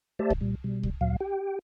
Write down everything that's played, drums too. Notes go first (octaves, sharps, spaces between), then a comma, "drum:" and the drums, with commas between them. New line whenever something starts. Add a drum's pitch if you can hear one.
A3 G4 C5 D5 E5 A5
drum: kick C2
A#2 G3
B2 G3
drum: kick C2
D2 A#2 F#3 F5
G4 G5